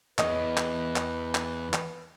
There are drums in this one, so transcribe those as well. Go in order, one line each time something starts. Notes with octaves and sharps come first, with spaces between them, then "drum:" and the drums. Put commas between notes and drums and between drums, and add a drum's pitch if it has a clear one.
E2 B4 C#5 D#5, drum: clap
drum: clap
drum: clap
drum: clap
drum: clap